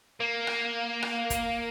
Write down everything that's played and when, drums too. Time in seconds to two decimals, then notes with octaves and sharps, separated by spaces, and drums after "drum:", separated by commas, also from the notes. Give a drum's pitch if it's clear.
0.20 A#3
0.47 drum: rim click
1.02 drum: rim click
1.30 drum: kick, hi-hat